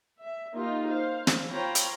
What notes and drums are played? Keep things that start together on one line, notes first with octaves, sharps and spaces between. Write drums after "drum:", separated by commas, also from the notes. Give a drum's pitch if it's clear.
E5
A#3 D#4 F4 G4
C5 F5
drum: snare
F4 C5 C#5 G5 A#5 B5
drum: hi-hat